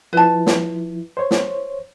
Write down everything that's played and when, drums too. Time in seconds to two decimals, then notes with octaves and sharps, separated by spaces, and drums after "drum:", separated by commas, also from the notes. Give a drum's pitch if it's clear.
0.13 F3 E4 B4 A5
0.46 drum: snare
1.17 C5 C#5
1.31 drum: snare